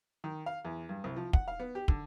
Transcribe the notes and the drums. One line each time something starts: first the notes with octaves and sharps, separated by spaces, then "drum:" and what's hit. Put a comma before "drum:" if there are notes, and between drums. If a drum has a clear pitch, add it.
D#3
F5
E2
G2
C2
F3
F#5, drum: kick
F5
B3
G4
D3, drum: kick